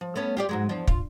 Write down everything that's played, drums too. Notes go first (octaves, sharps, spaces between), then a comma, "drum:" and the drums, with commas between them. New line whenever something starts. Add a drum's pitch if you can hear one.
F3
A3 B3 C#4
F4 G4 D5
G#2 F#3 G#3
E2 F3 D4
F4, drum: kick